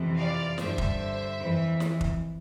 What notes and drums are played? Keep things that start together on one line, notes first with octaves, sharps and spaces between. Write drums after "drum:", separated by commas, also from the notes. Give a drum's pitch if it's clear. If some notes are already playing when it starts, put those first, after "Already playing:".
Already playing: F2 C3 E3
D5 F5
G2 D3 C5 E5, drum: snare
drum: kick
F2 E3
drum: snare
drum: kick